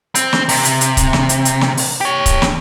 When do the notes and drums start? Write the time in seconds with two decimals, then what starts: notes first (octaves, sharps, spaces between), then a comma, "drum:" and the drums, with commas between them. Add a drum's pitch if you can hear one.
0.15 C4, drum: hi-hat
0.33 drum: snare
0.49 C3, drum: open hi-hat
0.65 drum: hi-hat
0.81 drum: hi-hat
0.97 drum: kick C#1, hi-hat
1.13 drum: snare
1.29 drum: hi-hat
1.45 drum: hi-hat
1.61 drum: snare
1.77 drum: open hi-hat
2.01 G4 C#5
2.26 drum: kick C#1, hi-hat
2.42 drum: snare